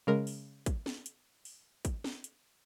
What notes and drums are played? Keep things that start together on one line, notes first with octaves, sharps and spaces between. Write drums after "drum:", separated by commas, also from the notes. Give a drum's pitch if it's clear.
C#3 G#3 A#4
drum: open hi-hat
drum: kick, hi-hat
drum: snare
drum: hi-hat
drum: open hi-hat
drum: kick, hi-hat
drum: snare
drum: hi-hat